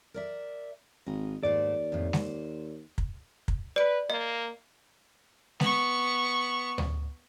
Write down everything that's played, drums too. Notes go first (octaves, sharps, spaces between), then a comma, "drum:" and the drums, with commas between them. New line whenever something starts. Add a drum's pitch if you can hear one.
A#4 D5 E5
G#1 D#5
D#2 G#2 A3 C5 D5
F2 A2
C5, drum: snare G#3
drum: kick
drum: kick
B4 D5 D7
A#3 D#5
B3 C#6, drum: snare G#3
drum: tom D2